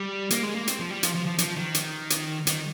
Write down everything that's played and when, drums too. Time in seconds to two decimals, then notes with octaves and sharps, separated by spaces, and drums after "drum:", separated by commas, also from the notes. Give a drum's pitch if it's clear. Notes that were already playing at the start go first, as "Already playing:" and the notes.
Already playing: G3
0.30 A#3, drum: hi-hat
0.43 G#3
0.55 A#3
0.67 C4, drum: hi-hat
0.79 F3
0.91 G3
1.03 F3, drum: hi-hat
1.15 F3
1.26 F3
1.38 F3, drum: hi-hat
1.56 D#3
1.74 drum: hi-hat
2.10 drum: hi-hat
2.47 D#3, drum: hi-hat